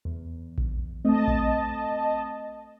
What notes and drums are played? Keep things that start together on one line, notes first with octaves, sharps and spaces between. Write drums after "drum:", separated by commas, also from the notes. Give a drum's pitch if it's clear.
E2
drum: kick A1
A3 C4 D#5 A5
drum: kick A1